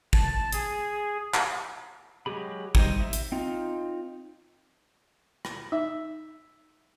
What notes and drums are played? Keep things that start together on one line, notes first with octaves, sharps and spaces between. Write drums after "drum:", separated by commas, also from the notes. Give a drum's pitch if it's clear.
A5, drum: kick
G#4, drum: hi-hat
drum: clap
F#3 G#3 G4 G#4 B5
G3 D#4 C5 D#5, drum: kick
E5
drum: hi-hat
C4 D#4 F4
drum: rim click
D#4 E5